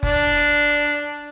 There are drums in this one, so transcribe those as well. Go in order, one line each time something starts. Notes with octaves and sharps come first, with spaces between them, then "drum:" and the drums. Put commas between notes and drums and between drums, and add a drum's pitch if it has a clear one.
D4, drum: kick F1
drum: hi-hat